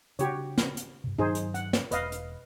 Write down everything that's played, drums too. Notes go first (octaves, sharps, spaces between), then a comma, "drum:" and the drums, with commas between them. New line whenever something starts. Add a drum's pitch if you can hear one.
C#3 D4 F#4 G4 C#5, drum: hi-hat
drum: snare
drum: hi-hat
G2 C3
G2 D#3 F#3 D#4 G#4 C5
drum: hi-hat
F#5, drum: hi-hat
drum: snare
E1 B4 D#5 F5, drum: hi-hat
drum: hi-hat